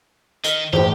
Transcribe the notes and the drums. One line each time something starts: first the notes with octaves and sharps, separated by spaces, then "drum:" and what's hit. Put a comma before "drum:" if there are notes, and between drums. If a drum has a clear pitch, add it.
D#3 D#5 F6 B6, drum: hi-hat
E2 A2 G4 G#4 C5 G5, drum: tom